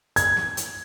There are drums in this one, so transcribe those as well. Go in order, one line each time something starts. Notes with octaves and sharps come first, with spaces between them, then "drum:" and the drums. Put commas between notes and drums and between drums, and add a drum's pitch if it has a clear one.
G#6, drum: hi-hat
drum: snare
drum: hi-hat